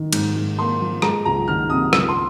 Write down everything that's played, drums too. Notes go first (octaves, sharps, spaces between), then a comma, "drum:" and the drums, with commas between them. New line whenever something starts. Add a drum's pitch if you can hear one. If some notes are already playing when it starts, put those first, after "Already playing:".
Already playing: D#3
G#2, drum: cymbal
G#2
A#3 C6
F3
G#3 A#5, drum: rim click
C#2 A#5
D#3 F6
C3 D#6
C#2 D#6, drum: rim click
C6